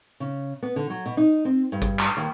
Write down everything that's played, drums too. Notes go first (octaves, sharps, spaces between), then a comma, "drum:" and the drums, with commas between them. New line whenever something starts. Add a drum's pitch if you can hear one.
C#3
B3
D3
F#3
B2
D#4
C4
G2
drum: kick
drum: clap
D#2